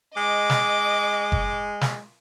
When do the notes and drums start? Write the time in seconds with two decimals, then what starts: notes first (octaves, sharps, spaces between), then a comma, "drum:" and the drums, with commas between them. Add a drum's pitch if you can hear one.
0.17 G#3 D#5 D6
0.50 drum: snare
1.32 drum: kick F#1
1.81 drum: snare